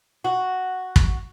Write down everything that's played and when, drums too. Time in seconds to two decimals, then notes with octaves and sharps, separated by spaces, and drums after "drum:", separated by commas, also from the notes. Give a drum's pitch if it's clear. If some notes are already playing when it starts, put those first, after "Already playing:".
0.24 F#4
0.96 drum: kick